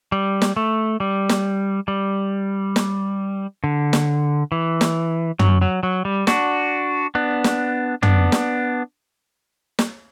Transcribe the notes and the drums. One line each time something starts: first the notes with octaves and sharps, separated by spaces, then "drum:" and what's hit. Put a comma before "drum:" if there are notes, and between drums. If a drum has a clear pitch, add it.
G3
drum: snare
A3
G3
drum: snare
G3
drum: snare
D3
drum: snare
E3
drum: snare
F#3, drum: tom
F#3
F#3
G3
D4 F#4, drum: snare
B3 D4
drum: snare
B3 D4, drum: tom
drum: snare
drum: snare